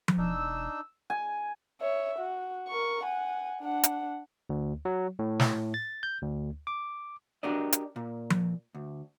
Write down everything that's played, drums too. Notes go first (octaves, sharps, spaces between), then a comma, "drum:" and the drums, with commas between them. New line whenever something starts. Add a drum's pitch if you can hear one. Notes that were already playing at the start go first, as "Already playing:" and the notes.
drum: tom F3
E1 D4 D#4 E6
G#5
C#5 E5
F#4
A#4 C#6
F#5 G#5
D4 F#5
drum: hi-hat
D2
F#3
A2
drum: snare
A6
G6
D2
D6
D4 F#4 G4 A#4 D5 D#5
drum: hi-hat
A#2
drum: tom F3
D2